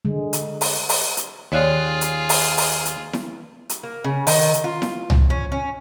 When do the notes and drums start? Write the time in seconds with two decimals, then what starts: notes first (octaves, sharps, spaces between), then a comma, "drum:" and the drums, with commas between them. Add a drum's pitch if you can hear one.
0.05 D3 G#3
0.33 drum: hi-hat
0.61 drum: open hi-hat
0.89 drum: open hi-hat
1.17 drum: hi-hat
1.52 D#2 F4 G#4 C#5 D5 F#6
2.01 drum: hi-hat
2.29 drum: open hi-hat
2.57 drum: open hi-hat
2.85 drum: hi-hat
3.13 drum: snare E4
3.69 drum: hi-hat
3.83 A#3
4.04 C#3
4.27 D#3, drum: open hi-hat
4.54 drum: hi-hat
4.64 F4
4.82 drum: snare E4
5.10 drum: tom C2
5.30 C#4
5.52 C#4